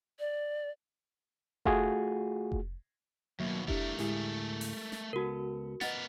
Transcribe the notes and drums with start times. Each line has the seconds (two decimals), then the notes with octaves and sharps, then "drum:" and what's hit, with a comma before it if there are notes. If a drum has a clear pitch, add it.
0.19 D5
1.65 A3 F4 F#4 G#4, drum: kick F1
2.52 drum: kick F1
3.40 D#2 B2 F#3 A#3 E5
3.68 A3 D4 E4 G4 A#4 E5, drum: kick F1
3.99 D2 A2 G#3 E4 G4 G#4, drum: snare
4.61 drum: open hi-hat
4.92 drum: snare
5.13 C#2 B3 F#4 A4 A#4
5.81 B3 A#4 B4 D#5 F#5 A6, drum: snare